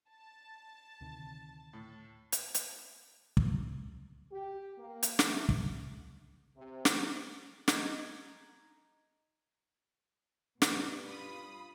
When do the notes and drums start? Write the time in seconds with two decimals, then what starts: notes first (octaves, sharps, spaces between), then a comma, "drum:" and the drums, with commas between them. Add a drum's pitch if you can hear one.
0.10 A5
1.01 D2 C3 D#3
1.73 A2
2.32 drum: hi-hat
2.54 drum: hi-hat
3.37 drum: kick
4.32 G4
4.77 A#3
5.03 drum: hi-hat
5.19 A3, drum: snare
5.49 drum: kick
6.57 C3
6.85 drum: snare
7.68 D#4 G#6, drum: snare
10.62 G2 B2, drum: snare
11.07 F4 B5 D#6